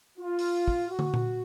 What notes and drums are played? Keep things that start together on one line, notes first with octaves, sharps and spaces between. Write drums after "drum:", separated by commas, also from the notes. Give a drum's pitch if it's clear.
F4
drum: open hi-hat
drum: kick
F#4
drum: tom
drum: tom A#2